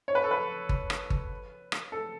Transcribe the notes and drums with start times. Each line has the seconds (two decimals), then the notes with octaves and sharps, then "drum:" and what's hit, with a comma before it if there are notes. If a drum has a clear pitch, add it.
0.08 C#5
0.15 B4
0.24 A4
0.31 B4
0.69 drum: kick G1
0.90 drum: rim click
1.10 drum: kick G1
1.72 drum: rim click
1.92 A4